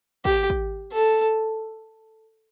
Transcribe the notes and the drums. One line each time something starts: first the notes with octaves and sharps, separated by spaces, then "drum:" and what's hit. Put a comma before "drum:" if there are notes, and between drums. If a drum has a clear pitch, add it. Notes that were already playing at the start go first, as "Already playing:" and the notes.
G4, drum: kick
drum: kick
A4